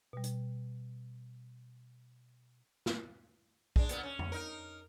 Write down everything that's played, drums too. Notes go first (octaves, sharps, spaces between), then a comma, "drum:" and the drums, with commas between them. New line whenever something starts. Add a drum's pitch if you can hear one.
B2 G3
drum: hi-hat
drum: snare
G#3 D4, drum: kick A#1
A#2 B3, drum: hi-hat
C#4
drum: tom F2
D#4 A#4